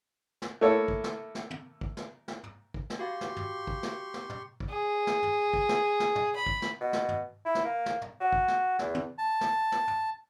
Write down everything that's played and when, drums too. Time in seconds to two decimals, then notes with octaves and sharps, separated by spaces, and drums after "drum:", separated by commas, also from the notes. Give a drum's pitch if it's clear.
0.42 drum: snare
0.61 A3 A#3 E4 A4 C#5
0.88 drum: kick
1.04 drum: snare
1.35 drum: snare
1.50 drum: tom
1.81 drum: kick
1.97 drum: snare
2.28 drum: snare
2.43 drum: tom
2.74 drum: kick
2.90 drum: snare
2.99 F#4 G4 F5 C6 C#6 A6
3.21 drum: snare
3.36 drum: tom
3.67 drum: kick
3.83 drum: snare
4.14 drum: snare
4.29 drum: tom
4.60 drum: kick
4.70 G#4
5.07 drum: snare
5.22 drum: tom
5.53 drum: kick
5.69 drum: snare
6.00 drum: snare
6.15 drum: tom
6.36 B5
6.46 drum: kick
6.62 drum: snare
6.81 B2
6.93 drum: snare
7.08 drum: tom
7.45 E4
7.55 drum: snare
7.65 A#3
7.86 drum: snare
8.01 drum: tom
8.20 F#4
8.32 drum: kick
8.48 drum: snare
8.79 E2, drum: snare
8.94 drum: tom
9.18 A5
9.41 drum: snare
9.72 drum: snare
9.88 drum: tom